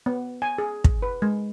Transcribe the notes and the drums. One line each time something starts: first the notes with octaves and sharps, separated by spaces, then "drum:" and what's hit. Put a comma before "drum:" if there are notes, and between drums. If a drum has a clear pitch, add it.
B3
G#5
G#4
drum: kick
B4
G#3